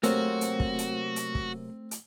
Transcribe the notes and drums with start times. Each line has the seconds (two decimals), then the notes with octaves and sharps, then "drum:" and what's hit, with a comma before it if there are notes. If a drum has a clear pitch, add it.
0.03 C3 F#3 A3 A#3 C4 F#4, drum: hi-hat
0.41 drum: hi-hat
0.60 drum: kick
0.79 drum: hi-hat
1.16 drum: hi-hat
1.35 drum: kick
1.91 drum: hi-hat